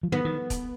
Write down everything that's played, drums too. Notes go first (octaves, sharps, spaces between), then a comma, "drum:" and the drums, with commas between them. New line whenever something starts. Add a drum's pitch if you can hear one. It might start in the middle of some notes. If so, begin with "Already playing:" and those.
F3
D#3 B3
D#3
drum: kick, hi-hat